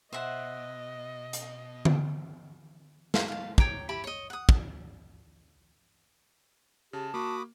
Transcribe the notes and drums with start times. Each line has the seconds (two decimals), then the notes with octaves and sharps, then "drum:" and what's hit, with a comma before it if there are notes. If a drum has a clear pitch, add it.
0.13 B2 C5 D#5 E5 F#5
1.33 drum: hi-hat
1.85 drum: tom D3
3.14 F5, drum: snare
3.28 F5 A5
3.58 C#5 G5 A#5 D6, drum: kick
3.89 E4 G4 A5 B5
4.04 C#5 D#5
4.30 F#5 D#6
4.49 drum: kick
6.93 C#3 G4 A5
7.14 A#3 F#4 B5 D6 D#6